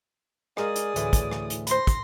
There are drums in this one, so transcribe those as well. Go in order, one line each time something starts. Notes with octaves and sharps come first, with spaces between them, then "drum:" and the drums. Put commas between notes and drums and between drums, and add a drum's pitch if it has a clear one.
G#3 G#4 A#4 D5 F5 D#6, drum: rim click
drum: hi-hat
D2 A2 E3, drum: hi-hat
drum: kick, hi-hat
drum: rim click
drum: hi-hat
C5 B5 C6 A#6, drum: hi-hat
drum: kick, hi-hat